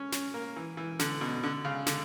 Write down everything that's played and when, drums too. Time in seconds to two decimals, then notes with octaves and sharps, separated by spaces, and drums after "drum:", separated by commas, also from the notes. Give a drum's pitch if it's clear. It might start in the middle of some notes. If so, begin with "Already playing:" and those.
Already playing: C#4
0.12 C#4, drum: snare
0.34 A#3
0.56 E3
0.77 E3
0.99 D3, drum: snare
1.21 B2
1.43 D3
1.65 C#3
1.87 D3, drum: snare